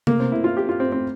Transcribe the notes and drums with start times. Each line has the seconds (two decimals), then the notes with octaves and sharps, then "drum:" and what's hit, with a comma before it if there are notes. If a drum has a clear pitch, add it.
0.07 A#3, drum: tom C3
0.20 C4
0.32 E4
0.44 F4
0.57 G4
0.69 F4
0.80 C4
0.92 C4